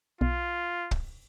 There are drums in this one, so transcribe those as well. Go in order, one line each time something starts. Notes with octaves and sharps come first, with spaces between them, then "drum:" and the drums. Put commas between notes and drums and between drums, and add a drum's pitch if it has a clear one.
B1 F4
drum: kick